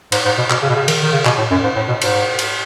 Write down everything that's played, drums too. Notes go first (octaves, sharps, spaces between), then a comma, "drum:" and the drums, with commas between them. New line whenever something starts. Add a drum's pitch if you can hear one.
G#2, drum: cymbal
G#2
B2
B2, drum: clap
C#3
B2
C#3
D#3, drum: cymbal
D#3
C#3
B2, drum: clap
A2
F#2
G#2
A2
B2
G#2, drum: cymbal
drum: cymbal